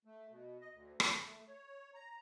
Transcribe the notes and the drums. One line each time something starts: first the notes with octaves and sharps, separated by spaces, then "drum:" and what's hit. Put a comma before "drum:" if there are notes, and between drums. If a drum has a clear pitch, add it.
A3
B2
D#5
D2
A5, drum: rim click
A3
C#5
A#5